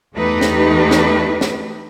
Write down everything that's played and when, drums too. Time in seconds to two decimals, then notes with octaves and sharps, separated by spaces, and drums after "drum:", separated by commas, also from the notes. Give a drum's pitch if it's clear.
0.16 E2 A3 D#4 G4 B4
0.41 drum: snare
0.91 drum: snare
1.41 drum: snare